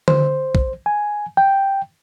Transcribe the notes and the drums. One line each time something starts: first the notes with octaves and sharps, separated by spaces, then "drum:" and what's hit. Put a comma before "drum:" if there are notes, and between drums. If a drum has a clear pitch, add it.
C5, drum: tom D3
drum: kick
G#5
G5